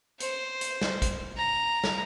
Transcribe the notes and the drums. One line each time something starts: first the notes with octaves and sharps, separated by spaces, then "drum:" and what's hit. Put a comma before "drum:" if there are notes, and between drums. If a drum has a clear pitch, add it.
C5, drum: hi-hat
drum: hi-hat
drum: snare
drum: kick, hi-hat
A#5
drum: snare